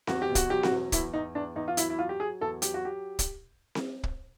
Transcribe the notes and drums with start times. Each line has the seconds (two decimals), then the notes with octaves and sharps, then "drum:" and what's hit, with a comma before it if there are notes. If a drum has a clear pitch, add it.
0.07 E2 F#4, drum: snare C4
0.22 G4
0.29 B2
0.35 F#4, drum: kick, hi-hat
0.50 F#3 G4
0.63 F#4, drum: snare C4
0.71 E2
0.92 E2 E4, drum: kick, hi-hat
1.14 E2 D#4
1.35 E2 D4
1.56 E2 D#4
1.68 F4
1.77 F#3 E4, drum: hi-hat
1.90 E4
1.99 F#3 F4
2.09 G4
2.20 F#3 G#4
2.41 E2 A4
2.62 F#3 G4, drum: hi-hat
2.74 F#4
2.85 G4
3.19 drum: kick, hi-hat
3.75 drum: snare C4
4.03 drum: kick